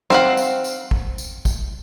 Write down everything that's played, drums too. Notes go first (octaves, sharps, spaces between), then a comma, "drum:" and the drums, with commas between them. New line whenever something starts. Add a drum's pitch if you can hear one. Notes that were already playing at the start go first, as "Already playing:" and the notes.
C4 F5 F#5, drum: snare
drum: tambourine
drum: tambourine
drum: kick
drum: tambourine
drum: kick, tambourine